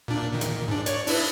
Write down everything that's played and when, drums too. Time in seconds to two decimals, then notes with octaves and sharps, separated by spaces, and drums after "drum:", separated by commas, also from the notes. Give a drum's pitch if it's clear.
0.08 A#2 D4
0.32 A#2 D#3
0.41 drum: hi-hat
0.68 G#2 D4
0.86 C#5 D5, drum: hi-hat
1.07 D4 E4 B4, drum: open hi-hat